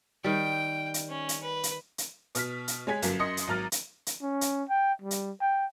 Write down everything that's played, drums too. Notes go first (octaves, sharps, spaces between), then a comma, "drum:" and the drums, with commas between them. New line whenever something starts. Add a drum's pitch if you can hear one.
D#3 G3 G5
drum: hi-hat
C#4
drum: hi-hat
B4
drum: hi-hat
drum: hi-hat
B2 F6 B6, drum: hi-hat
drum: hi-hat
G#3 C#5 G#5 G#6 B6
G1 F#2 F#3 A#3, drum: hi-hat
F#2 D#5 C6 D#6 A#6 C#7
drum: hi-hat
G#1 F#3 A#5 F6 A6
drum: hi-hat
drum: hi-hat
C#4
drum: hi-hat
G5
G3
drum: hi-hat
G5